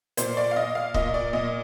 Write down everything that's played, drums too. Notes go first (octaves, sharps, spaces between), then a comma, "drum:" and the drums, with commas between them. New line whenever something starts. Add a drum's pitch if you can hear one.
A#2 C5, drum: hi-hat
D5
F5
A#2 D#5
F5
A#2 D#5, drum: kick
D5
A#2 D#5